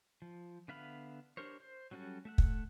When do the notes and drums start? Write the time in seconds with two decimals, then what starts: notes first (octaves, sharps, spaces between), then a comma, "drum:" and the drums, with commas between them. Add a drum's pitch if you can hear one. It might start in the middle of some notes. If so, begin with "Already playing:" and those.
0.22 F3
0.68 D3 B3 E5 F5 B5
1.37 D4 G4 A#4 C5 C#5
1.60 C5
1.91 F#3 G3 C#4 F#4 A4
2.25 A3 E5 F#5
2.38 drum: kick